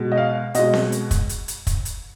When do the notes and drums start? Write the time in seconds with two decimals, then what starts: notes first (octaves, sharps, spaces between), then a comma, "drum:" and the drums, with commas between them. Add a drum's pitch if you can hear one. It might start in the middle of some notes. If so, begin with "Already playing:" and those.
Already playing: B2 G#3
0.12 D#5
0.18 F5
0.54 B2 G#3 D#5, drum: hi-hat
0.73 drum: snare C4
0.92 drum: hi-hat
1.11 drum: kick, hi-hat
1.29 drum: hi-hat
1.48 drum: hi-hat
1.67 drum: kick, hi-hat
1.85 drum: hi-hat